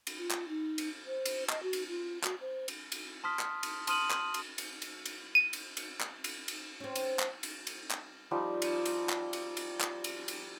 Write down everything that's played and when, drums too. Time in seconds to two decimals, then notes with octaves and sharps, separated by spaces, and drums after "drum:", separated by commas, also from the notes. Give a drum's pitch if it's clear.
0.07 drum: cymbal
0.19 F4
0.31 drum: clap
0.49 D#4
0.78 drum: cymbal
1.06 C5
1.26 drum: cymbal
1.49 D#5, drum: clap
1.63 F#4
1.73 drum: cymbal
1.88 F4
2.23 F#4, drum: clap
2.41 C5
2.68 drum: cymbal
2.92 drum: cymbal
3.24 A5 C6 D#6 F6 B6
3.39 drum: clap
3.63 drum: cymbal
3.87 A5 C6 D#6 F6 D#7 F#7, drum: cymbal
4.11 drum: clap
4.34 drum: cymbal
4.58 drum: cymbal
4.82 drum: cymbal
5.06 drum: cymbal
5.35 D#7
5.53 drum: cymbal
5.77 drum: cymbal
6.01 drum: clap
6.24 drum: cymbal
6.48 drum: cymbal
6.80 C4 C#4
6.96 drum: cymbal
7.19 drum: clap
7.43 drum: cymbal
7.67 drum: cymbal
7.91 drum: clap
8.31 F3 G3 D#4 G4
8.62 drum: cymbal
8.86 drum: cymbal
9.09 drum: clap
9.33 drum: cymbal
9.57 drum: cymbal
9.81 drum: clap
10.04 drum: cymbal
10.28 drum: cymbal